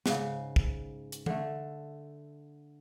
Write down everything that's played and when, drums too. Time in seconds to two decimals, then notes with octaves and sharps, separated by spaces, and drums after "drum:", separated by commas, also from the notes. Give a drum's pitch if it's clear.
0.06 G#2 C#3, drum: snare
0.56 drum: kick
1.12 drum: hi-hat
1.26 D3 A3, drum: tom E3